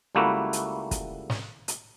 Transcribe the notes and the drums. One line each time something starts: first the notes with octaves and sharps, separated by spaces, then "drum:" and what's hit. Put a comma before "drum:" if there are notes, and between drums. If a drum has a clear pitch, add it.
C#2 G3 A3 A#3 E4 F#4
drum: hi-hat
drum: kick, hi-hat
drum: snare
drum: hi-hat